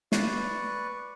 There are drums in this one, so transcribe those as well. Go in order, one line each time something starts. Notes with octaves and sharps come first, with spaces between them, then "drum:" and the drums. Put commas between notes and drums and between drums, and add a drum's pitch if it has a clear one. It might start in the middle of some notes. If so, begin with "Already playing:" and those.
B4 D5 C#6, drum: snare